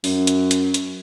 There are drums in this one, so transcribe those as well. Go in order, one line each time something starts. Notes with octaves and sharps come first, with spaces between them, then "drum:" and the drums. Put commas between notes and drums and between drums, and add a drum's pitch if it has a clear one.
F#2, drum: open hi-hat
drum: hi-hat
drum: hi-hat
drum: hi-hat